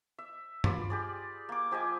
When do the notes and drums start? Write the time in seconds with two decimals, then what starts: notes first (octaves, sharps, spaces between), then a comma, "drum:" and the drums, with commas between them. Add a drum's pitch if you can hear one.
0.18 E5
0.64 F4 D5 B5, drum: tom G2
0.90 G4 G#4 D5
1.49 A#3 D6
1.71 F3 G4 D#5 G#5